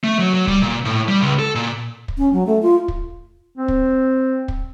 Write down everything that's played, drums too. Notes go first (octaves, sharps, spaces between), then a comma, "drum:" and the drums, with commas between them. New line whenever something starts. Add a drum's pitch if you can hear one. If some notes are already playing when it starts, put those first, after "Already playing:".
A3
F#3
F#3
G3, drum: kick
A#2
A2
G3
C#2
A4
A#2
drum: kick
C#4
F#3
A3
F4
drum: kick
C4
drum: kick
drum: kick